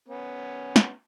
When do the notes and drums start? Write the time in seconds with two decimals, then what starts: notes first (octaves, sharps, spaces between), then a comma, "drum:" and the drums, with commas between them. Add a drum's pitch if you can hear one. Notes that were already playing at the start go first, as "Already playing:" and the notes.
0.08 B3 C#4
0.76 drum: snare